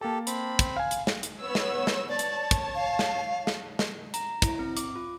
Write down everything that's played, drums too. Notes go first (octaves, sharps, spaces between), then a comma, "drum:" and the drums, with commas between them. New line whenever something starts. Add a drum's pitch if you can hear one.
A#3 G4 A4 A5
C4 B5, drum: hi-hat
drum: kick, hi-hat
F5 G#5
drum: hi-hat
drum: snare
drum: hi-hat
B3 C#5 E6
drum: snare
drum: snare
C#5 D5 A5
drum: hi-hat
drum: kick, hi-hat
F5
drum: snare
drum: snare
drum: snare
A#5, drum: hi-hat
E4, drum: kick, hi-hat
C4
D6, drum: hi-hat
F4